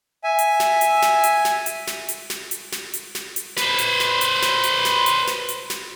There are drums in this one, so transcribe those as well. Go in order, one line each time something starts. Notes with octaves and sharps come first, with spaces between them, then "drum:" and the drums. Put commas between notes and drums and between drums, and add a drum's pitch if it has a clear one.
E5 G#5
drum: hi-hat
drum: snare
drum: hi-hat
drum: snare
drum: hi-hat
drum: snare
drum: hi-hat
drum: snare
drum: hi-hat
drum: snare
drum: hi-hat
drum: snare
drum: hi-hat
drum: snare
drum: hi-hat
B4 C5, drum: snare
drum: hi-hat
drum: snare
drum: hi-hat
drum: snare
drum: hi-hat
drum: snare
drum: hi-hat
drum: snare
drum: hi-hat
drum: snare